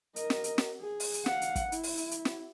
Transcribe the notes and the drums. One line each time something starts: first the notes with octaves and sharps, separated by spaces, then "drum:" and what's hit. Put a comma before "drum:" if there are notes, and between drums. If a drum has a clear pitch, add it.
A#4 D#5, drum: hi-hat
drum: snare
drum: hi-hat
drum: snare
G#4
drum: open hi-hat
drum: hi-hat
F5 F#5, drum: snare
drum: hi-hat
drum: kick, hi-hat
E4, drum: hi-hat
drum: open hi-hat
drum: hi-hat
drum: hi-hat
drum: snare